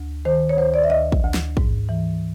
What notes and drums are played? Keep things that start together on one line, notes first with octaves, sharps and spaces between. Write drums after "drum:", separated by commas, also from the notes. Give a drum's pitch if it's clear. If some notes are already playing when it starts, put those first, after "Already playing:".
Already playing: D2
D#3 C5
C#5
D2 C5
D5
E5
D2 D#5
drum: kick A1
D2
drum: snare
G#2, drum: kick A1
E3